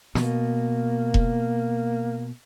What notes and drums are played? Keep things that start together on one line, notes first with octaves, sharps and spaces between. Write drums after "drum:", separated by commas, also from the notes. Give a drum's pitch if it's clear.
B2 A#3, drum: snare
drum: kick E1